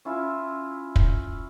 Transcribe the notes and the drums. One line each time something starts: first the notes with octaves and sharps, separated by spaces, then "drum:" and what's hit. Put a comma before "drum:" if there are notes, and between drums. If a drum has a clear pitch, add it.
C#4 E4 F4 E5
drum: kick